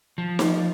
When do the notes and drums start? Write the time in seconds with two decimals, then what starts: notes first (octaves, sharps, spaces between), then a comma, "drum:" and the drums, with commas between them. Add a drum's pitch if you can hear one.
0.18 F3
0.39 drum: snare